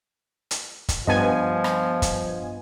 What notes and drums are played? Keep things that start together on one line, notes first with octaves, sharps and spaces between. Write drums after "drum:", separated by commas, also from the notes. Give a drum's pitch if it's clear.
drum: hi-hat
drum: kick, hi-hat
G2 F3 B3 D#5 G#5
drum: rim click
drum: kick, hi-hat